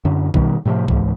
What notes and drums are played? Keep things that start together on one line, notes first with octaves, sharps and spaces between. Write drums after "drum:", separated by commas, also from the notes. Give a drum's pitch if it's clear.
F#2 D3
B2 D#3 G3, drum: kick
A2 C3 E3 F3
C#2 G#2 E3, drum: kick